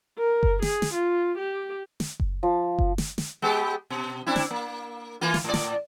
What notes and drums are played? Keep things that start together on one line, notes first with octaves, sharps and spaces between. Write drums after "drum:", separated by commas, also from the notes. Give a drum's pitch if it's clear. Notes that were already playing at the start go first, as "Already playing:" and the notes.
A#4
drum: kick F#1
G#4, drum: snare
drum: snare
F4
G4
drum: snare
drum: kick F#1
F3
drum: kick F#1
drum: snare
drum: snare
G#3 B3 G4
B2
C4 D4 E4
drum: snare
A#3
E3 A#3 F4
drum: snare
A2 D5
drum: snare